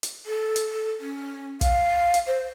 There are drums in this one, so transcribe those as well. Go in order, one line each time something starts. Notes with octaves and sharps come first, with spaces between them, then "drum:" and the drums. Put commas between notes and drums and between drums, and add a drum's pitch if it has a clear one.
drum: hi-hat
A4
drum: hi-hat
C#4
F5, drum: kick, hi-hat
drum: hi-hat
C5